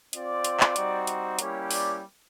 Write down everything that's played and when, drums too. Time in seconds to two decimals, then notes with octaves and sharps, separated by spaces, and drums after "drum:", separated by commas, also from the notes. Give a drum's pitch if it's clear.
0.13 C4 F4 D5, drum: hi-hat
0.44 drum: hi-hat
0.60 drum: clap
0.76 G3 C4 D#4 F#4, drum: hi-hat
1.07 drum: hi-hat
1.39 G3 A#3 C#4 E4 G4 C#5, drum: hi-hat
1.71 D5, drum: open hi-hat